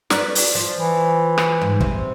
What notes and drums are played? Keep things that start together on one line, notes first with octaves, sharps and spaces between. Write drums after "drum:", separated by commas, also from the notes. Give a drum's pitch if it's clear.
A#4 B4 D5, drum: snare
drum: open hi-hat
F3
E3
drum: rim click
G#2
C3, drum: kick